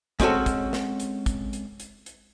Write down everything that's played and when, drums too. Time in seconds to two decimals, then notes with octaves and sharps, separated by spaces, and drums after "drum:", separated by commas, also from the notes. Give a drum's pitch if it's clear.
0.20 G#3 C4 C#4 F#4 A4, drum: kick, hi-hat
0.46 drum: kick, hi-hat
0.73 drum: snare
1.00 drum: hi-hat
1.26 drum: kick, hi-hat
1.53 drum: hi-hat
1.80 drum: hi-hat
2.06 drum: hi-hat